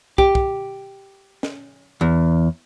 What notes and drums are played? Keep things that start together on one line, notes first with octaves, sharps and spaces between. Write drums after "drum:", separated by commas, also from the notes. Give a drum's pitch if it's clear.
G4, drum: kick
drum: kick
drum: snare
E2